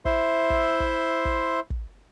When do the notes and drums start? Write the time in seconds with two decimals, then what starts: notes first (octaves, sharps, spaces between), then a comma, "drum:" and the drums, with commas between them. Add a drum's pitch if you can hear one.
0.05 E4 C5 E5 C6, drum: kick
0.50 drum: kick
0.80 drum: kick
1.25 drum: kick
1.70 drum: kick